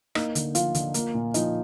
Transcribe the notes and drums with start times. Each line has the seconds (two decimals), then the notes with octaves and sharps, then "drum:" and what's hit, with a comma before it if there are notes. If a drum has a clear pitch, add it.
0.15 A#3 D#4 D#5, drum: rim click
0.35 D3, drum: hi-hat
0.55 F3 F4 F5, drum: hi-hat
0.75 D3, drum: hi-hat
0.94 A#3, drum: hi-hat
1.14 A#2
1.34 F3 D#4 D#5, drum: hi-hat